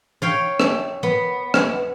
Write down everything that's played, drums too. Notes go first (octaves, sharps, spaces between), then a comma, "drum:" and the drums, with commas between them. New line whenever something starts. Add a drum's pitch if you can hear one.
C#5 F5 G5
drum: rim click
B3
drum: rim click